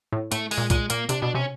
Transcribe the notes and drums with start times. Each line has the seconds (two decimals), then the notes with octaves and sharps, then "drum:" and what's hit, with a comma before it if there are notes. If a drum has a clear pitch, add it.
0.12 A2
0.32 A2 A3, drum: hi-hat
0.51 G#3, drum: open hi-hat
0.58 A#2
0.70 A#2 G#3, drum: kick, hi-hat
0.90 A#2 A#3, drum: hi-hat
1.09 C3 D4, drum: hi-hat
1.22 B2 D4
1.34 C3 C#4